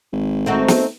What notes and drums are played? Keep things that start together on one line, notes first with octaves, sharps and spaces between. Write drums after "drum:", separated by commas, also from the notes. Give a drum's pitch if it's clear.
G#1
A3 C4 D#4 F#4
drum: snare